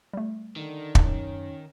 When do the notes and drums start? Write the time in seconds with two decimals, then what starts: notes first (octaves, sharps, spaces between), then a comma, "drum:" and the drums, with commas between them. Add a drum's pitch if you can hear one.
0.13 G3 A3
0.56 D3 D#3
0.95 drum: kick
1.04 F#2 C#4